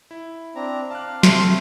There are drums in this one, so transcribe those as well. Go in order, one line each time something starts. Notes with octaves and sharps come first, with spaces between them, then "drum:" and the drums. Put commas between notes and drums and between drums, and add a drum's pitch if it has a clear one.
E4
C4 D4 A#5
F5 A5 D6 F#6
C3 A3 C4 C6, drum: snare